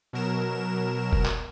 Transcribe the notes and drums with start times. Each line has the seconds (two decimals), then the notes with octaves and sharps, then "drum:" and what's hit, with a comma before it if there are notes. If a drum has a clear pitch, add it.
0.13 B2 F#3 A#4 E7
1.13 drum: kick
1.26 drum: clap